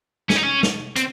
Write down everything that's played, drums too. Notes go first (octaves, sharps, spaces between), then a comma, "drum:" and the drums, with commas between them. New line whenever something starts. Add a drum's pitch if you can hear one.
C#4, drum: snare
D#4
C#4
drum: snare
C4, drum: hi-hat